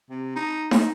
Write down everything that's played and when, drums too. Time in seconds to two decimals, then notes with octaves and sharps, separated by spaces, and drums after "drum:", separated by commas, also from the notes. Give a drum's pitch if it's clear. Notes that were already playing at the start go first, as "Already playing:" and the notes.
0.10 C3
0.36 D#4
0.71 D#4, drum: snare